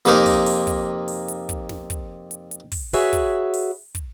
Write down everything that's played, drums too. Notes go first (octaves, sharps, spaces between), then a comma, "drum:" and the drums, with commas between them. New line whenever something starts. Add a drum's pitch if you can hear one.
F2 C3 A#3 D#4 A#4, drum: hi-hat
drum: kick, open hi-hat
drum: open hi-hat
drum: kick, hi-hat
drum: open hi-hat
drum: hi-hat
drum: kick, hi-hat
drum: snare
drum: kick, hi-hat
drum: hi-hat
drum: hi-hat
drum: kick, open hi-hat
F#4 G#4 B4 C#5 E5, drum: open hi-hat
drum: kick, hi-hat
drum: open hi-hat
drum: kick, hi-hat